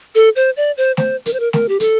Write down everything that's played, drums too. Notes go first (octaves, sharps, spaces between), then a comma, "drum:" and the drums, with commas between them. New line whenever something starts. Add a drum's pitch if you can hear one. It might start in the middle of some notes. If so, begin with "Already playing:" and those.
A4
C5
D5
C5
C5, drum: snare A3
A#4, drum: hi-hat
C5
A#4
A#4, drum: snare A3
G4
A4, drum: hi-hat